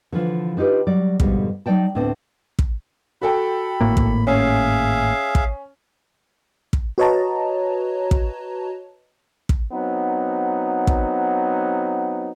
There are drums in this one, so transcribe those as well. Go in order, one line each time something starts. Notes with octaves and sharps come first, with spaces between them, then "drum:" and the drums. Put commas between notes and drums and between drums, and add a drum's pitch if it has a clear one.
D3 E3 F3 F4
D4 D#4 F4 G4 B4
F#3 G3 D5
F2 G#2 B2 D3 G3, drum: kick
F#3 D#4 D5 G5 A5
D2 A2 B3 C4 D4 A5
drum: kick
F#4 A4 G5 B5
G#1 A2 A#3
drum: kick
C#4 G#4 E5 F5
drum: kick
drum: kick
F#4 B4 C#5 D#5 A5 A#5
drum: kick
drum: kick
F#3 B3 C4 D#4
drum: kick